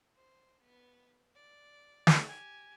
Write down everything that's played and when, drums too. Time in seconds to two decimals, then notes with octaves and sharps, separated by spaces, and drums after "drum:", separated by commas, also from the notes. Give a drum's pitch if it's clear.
0.16 C5
0.61 B3
1.35 D5
2.07 drum: snare
2.28 G4 G#5